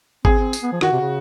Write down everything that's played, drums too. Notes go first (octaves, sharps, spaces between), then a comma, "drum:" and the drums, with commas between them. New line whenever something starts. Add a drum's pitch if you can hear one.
C4 G#4, drum: kick G#1
C4
drum: tambourine
B3
F3
D#3 F#4, drum: rim click
C3
C#3